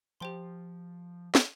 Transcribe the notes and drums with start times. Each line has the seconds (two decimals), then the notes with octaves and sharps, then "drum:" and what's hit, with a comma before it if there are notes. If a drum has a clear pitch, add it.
0.20 F3 G4 C5 G5 C6
1.35 drum: snare